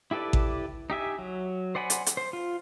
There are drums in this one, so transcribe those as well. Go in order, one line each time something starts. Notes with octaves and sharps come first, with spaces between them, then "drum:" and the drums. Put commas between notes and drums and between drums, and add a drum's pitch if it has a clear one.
E4 G4 A4 B4 D5
drum: kick A1
D#4 G4 E5 G#5
F#3
C5 D5 F#5 G#5 B5
drum: hi-hat
drum: hi-hat
C5
F4